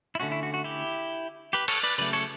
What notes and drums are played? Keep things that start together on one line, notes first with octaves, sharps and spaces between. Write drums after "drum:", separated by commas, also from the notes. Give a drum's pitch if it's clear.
E4
D3 A3 C#4 F#4
E4
F#4
F#4
E4 G4
G4 B4
A4 C#5, drum: cymbal
B4 D5
C#3 F#3 A3 B4 D5
A4 C#5